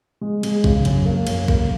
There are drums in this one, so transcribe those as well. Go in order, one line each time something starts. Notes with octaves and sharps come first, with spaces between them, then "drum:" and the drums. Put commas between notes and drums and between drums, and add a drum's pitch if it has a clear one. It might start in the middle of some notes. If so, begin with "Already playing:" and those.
G#3
G#3, drum: cymbal
C#3, drum: kick A#1
F#2, drum: cymbal
A#3
F#2, drum: cymbal
A#3, drum: kick A#1